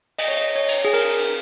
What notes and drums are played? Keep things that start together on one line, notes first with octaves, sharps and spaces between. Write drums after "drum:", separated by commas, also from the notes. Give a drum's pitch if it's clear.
D#5, drum: cymbal
C#5
D#5
C#5
drum: cymbal
G#4
A#4, drum: cymbal
drum: cymbal